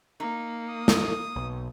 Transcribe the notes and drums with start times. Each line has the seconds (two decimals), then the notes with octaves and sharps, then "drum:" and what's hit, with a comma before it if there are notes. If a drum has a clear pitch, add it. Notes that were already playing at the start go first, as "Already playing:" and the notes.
0.20 A#3 D#4
0.70 D#6
0.88 drum: snare
1.36 B1